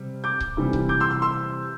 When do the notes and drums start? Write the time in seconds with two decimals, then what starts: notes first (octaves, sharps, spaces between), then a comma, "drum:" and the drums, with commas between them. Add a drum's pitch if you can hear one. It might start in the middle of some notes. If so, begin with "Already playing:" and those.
Already playing: C3 G3
0.24 D6 G6
0.40 drum: kick C#1
0.57 C3 E3 G3
0.73 drum: kick C#1
0.89 D6 G6
1.00 C6 E6
1.11 C6 E6
1.22 C6 E6